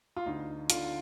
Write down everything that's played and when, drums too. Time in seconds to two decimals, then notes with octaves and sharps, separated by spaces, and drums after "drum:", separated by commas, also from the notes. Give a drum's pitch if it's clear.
0.16 F4
0.26 D2 D#4
0.70 D3 F4, drum: hi-hat